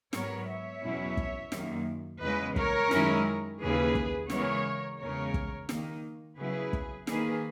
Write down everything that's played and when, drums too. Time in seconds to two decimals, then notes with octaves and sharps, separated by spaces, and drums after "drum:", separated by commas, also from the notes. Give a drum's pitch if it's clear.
0.13 G#2 F#3 B3 A#4 C#5, drum: snare
0.48 C#5 E5
0.83 E2 B2 F#3 C#4 E4
1.17 drum: kick
1.52 F#2 D#3 A#3, drum: snare
2.21 E2 C#3 G#3 B4 D#5
2.56 A#4 C#5, drum: kick
2.91 F#2 D#3 G#3 C#4 E4, drum: snare
3.60 D#2 C#3 E3 G#4 B4
3.95 drum: kick
4.30 C#3 E3 G#3 B3 A#4 C#5, drum: snare
4.99 E2 C#3 G#3 A#4 C#5
5.34 drum: kick
5.69 D#3 A#3 D#4, drum: snare
6.38 C#3 F#3 B3 E4 G#4 B4
6.73 drum: kick
7.07 D#3 A#3 D#4 G#4 B4, drum: snare